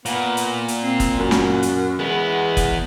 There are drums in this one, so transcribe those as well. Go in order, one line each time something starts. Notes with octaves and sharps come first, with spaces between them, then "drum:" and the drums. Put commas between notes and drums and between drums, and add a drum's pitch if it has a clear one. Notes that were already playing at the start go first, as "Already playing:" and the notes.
A#2 B3, drum: hi-hat
drum: hi-hat
drum: hi-hat
C4
drum: kick F#1, hi-hat
F#2
drum: snare
drum: hi-hat
E2 G#3 B3
drum: kick F#1, hi-hat